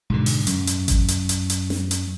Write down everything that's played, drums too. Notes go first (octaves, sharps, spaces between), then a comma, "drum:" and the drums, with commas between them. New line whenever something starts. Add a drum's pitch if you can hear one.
G#2 B2 D3
drum: open hi-hat
F#2, drum: hi-hat
drum: hi-hat
drum: kick G#1, hi-hat
drum: hi-hat
drum: hi-hat
drum: hi-hat
drum: snare
drum: hi-hat